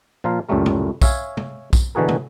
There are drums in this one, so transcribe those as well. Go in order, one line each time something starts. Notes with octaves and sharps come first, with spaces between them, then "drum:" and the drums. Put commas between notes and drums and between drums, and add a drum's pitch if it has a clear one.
A#2 F3 F4 A#4 F5
C#2 F#2 A2 G3 A3 A#4
drum: tom
C#5 E5 F5 G#5, drum: kick, tambourine
drum: tom
drum: kick, tambourine
B2 D3 E3 F#4 G#4 A#4
drum: tom